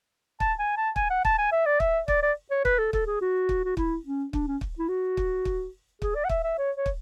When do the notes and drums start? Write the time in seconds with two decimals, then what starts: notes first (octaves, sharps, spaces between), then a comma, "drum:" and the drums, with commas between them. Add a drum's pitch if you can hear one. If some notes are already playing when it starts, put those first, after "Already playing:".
0.40 A5, drum: kick
0.59 G#5
0.77 A5
0.96 G#5, drum: kick
1.10 F#5
1.25 A5, drum: kick
1.38 G#5
1.52 E5
1.66 D5
1.80 E5, drum: kick
2.08 D5, drum: kick
2.23 D5
2.51 C#5
2.65 B4, drum: kick
2.78 A4
2.93 A4, drum: kick
3.07 G#4
3.21 F#4
3.49 drum: kick
3.65 F#4
3.77 E4, drum: kick
4.05 C#4
4.33 D4, drum: kick
4.48 C#4
4.61 drum: kick
4.79 E4
4.89 F#4
5.17 drum: kick
5.45 drum: kick
6.02 G#4, drum: kick
6.15 D5
6.25 F#5
6.29 E5, drum: kick
6.44 E5
6.58 C#5
6.76 C#5
6.86 drum: kick